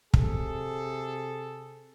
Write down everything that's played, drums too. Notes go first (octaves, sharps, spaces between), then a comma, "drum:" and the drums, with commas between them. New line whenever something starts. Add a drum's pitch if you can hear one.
C3 G#4 A4, drum: kick